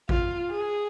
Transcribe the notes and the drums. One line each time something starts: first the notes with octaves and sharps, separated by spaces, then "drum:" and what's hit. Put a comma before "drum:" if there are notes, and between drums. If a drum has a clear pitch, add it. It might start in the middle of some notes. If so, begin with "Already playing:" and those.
F4, drum: kick A1
G#4